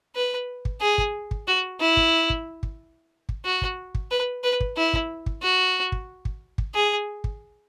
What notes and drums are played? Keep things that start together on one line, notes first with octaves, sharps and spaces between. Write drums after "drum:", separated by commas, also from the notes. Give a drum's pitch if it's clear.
B4
drum: kick
G#4
drum: kick
drum: kick
F#4
E4
drum: kick
drum: kick
drum: kick
drum: kick
F#4
drum: kick
drum: kick
B4
B4
drum: kick
E4
drum: kick
drum: kick
F#4
drum: kick
drum: kick
drum: kick
G#4
drum: kick